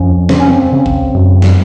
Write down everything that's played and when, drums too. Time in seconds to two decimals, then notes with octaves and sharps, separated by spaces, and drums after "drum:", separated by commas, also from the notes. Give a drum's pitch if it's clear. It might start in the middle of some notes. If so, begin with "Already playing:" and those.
Already playing: F2 C#4
0.29 C#3 C4, drum: snare
0.40 C#4
0.50 C4
0.72 C#3
0.86 drum: kick B1
1.14 F#2
1.42 drum: snare